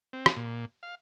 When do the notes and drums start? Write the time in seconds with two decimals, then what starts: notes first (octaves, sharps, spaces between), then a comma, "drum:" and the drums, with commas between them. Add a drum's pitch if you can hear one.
0.13 C4
0.26 drum: rim click
0.36 A#2
0.83 F5